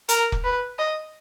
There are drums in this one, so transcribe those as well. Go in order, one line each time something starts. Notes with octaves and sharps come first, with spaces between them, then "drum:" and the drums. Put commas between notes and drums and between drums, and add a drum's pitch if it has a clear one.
A#4, drum: hi-hat
drum: kick
B4
D#5